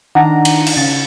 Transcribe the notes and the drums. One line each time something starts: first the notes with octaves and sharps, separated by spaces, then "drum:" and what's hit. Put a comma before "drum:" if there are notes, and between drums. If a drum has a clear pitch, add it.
D#3 D4 F#5 A#5
drum: cymbal
drum: cymbal
C#3 A6